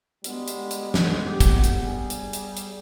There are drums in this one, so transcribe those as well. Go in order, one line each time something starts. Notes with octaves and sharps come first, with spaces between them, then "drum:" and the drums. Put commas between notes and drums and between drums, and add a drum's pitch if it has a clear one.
D2 G2 G3 G#3 B3, drum: hi-hat
drum: hi-hat
drum: hi-hat
drum: snare
G4
drum: kick, hi-hat
drum: hi-hat
G3 G#4
drum: hi-hat
drum: hi-hat
drum: hi-hat